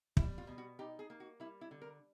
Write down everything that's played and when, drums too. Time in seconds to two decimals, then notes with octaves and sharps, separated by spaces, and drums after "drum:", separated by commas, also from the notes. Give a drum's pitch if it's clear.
0.17 G3 E4, drum: kick
0.38 F4
0.47 B2
0.58 F#4
0.79 D#4 G4
0.99 G#4
1.10 A#3
1.20 F#4
1.40 G3 E4
1.61 E4
1.71 D3
1.82 A#4